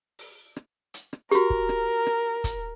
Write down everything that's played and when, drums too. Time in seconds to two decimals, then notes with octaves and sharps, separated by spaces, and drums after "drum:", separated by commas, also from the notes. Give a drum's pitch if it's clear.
0.19 drum: open hi-hat
0.56 drum: rim click
0.94 drum: hi-hat
1.13 drum: rim click
1.31 F#4 G4 A#4, drum: hi-hat
1.50 drum: kick
1.69 drum: rim click
2.07 drum: rim click
2.44 drum: kick, hi-hat